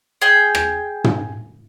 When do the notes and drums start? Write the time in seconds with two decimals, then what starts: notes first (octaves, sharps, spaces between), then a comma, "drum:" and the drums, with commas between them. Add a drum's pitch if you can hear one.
0.22 G#4 G5
0.55 drum: rim click
1.04 drum: tom